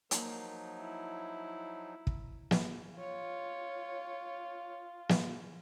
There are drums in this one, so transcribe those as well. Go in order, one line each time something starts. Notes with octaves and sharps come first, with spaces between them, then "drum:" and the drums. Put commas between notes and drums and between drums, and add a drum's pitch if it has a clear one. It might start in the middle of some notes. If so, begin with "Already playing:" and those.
F3 F#3 A#3 D#4, drum: hi-hat
E4
drum: kick
drum: snare
F4 C#5
drum: snare